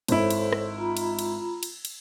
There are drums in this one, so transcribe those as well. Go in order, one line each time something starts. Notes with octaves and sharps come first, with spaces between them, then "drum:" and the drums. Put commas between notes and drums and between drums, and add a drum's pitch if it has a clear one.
G#1 E4 A4 C5 C#5, drum: cymbal
drum: cymbal
drum: rim click
F4 A#5 B5
drum: cymbal
drum: cymbal
drum: cymbal
drum: cymbal